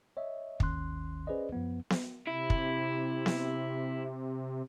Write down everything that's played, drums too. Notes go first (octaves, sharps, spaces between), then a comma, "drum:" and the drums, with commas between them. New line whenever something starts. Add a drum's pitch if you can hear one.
C#5 D#5 E5
G#1 D#2 D#3 C#4 C6 F#6, drum: kick
C#4 G#4 B4 C5 D5 D#5
F#2 F3 B3
drum: snare B3
C3 E4
drum: kick
drum: snare B3